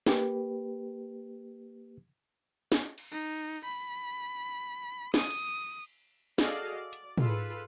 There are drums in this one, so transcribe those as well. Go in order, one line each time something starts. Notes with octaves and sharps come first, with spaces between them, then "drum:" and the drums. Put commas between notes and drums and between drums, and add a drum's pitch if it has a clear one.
A#3 G4 B4, drum: snare
drum: snare
drum: cymbal
D#4
B5
D#6, drum: snare
drum: cymbal
F#4 G#4 A4 D5 D#5 F5, drum: snare
D5
drum: hi-hat
F4 G#4 A4 B4, drum: tom